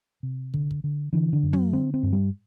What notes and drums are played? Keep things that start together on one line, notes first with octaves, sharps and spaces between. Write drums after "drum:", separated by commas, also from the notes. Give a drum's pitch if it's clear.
C3
D3, drum: kick
drum: kick
D3
D3 E3
D3
F#2
F#3, drum: tom
D3 C4
C4
G2
G3